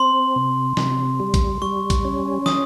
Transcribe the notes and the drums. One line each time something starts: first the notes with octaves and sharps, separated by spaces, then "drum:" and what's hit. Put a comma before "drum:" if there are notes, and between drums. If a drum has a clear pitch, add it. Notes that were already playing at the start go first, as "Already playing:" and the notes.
Already playing: C4 C6
C3
C3, drum: snare
G3
drum: kick A#1, hi-hat
G3 C#6
drum: kick A#1, hi-hat
C#4
D#6, drum: snare